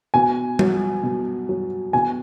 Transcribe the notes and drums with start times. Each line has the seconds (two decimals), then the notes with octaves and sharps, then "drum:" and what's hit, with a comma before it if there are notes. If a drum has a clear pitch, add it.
0.14 B2 G#5
0.59 F#3, drum: tom G3
1.03 B2
1.49 F#3
1.93 B2 G#5